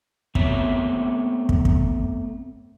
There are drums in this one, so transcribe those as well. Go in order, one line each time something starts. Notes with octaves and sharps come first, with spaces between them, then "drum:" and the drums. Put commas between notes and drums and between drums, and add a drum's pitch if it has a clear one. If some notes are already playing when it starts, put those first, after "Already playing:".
A3 B3 C4 C#5 E5, drum: kick
drum: kick
drum: kick